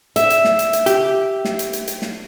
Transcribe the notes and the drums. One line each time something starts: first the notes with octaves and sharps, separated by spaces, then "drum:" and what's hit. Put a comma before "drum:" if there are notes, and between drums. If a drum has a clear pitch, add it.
E5, drum: hi-hat
drum: hi-hat
drum: snare
drum: hi-hat
drum: hi-hat
G4, drum: hi-hat
drum: snare
drum: hi-hat
drum: hi-hat
drum: hi-hat
drum: snare